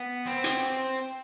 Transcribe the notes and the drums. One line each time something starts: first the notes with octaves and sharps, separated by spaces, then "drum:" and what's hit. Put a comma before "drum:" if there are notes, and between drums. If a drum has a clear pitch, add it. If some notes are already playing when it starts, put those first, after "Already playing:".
Already playing: B3
C4
drum: hi-hat